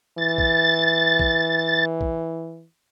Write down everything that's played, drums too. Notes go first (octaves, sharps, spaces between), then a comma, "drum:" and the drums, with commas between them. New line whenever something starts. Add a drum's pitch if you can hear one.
E3 A6
drum: kick A#1
drum: kick A#1
drum: kick A#1